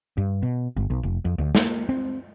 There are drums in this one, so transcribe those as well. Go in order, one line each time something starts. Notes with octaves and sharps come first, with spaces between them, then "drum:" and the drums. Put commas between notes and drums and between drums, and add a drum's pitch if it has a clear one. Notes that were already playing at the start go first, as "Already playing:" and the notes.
G2
B2
G1
B1
F1
F2
D2
A#3, drum: snare
C4